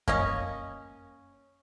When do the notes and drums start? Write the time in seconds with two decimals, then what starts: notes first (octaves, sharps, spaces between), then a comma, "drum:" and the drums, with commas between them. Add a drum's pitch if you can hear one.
0.08 A#3 C#4 D#5, drum: kick F#2